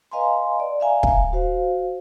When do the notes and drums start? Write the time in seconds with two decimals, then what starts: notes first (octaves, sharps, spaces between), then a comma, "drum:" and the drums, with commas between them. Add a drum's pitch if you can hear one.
0.12 B4 D#5 F5 G#5 A#5 C6
0.60 D5
0.80 E5 F5 G#5 A#5
1.03 drum: kick
1.33 F#4 C5 F5